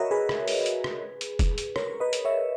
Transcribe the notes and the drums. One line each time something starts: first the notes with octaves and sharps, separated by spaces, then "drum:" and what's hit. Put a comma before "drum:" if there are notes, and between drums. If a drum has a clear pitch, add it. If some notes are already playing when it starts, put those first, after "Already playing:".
Already playing: F#4 A#4 B4 C#5 D#5 E5
G#4 B4
drum: rim click
drum: open hi-hat
drum: hi-hat
drum: rim click
drum: hi-hat
drum: kick, hi-hat
drum: hi-hat
A#4 C#5, drum: rim click
B4 D#5
drum: hi-hat
C#5 E5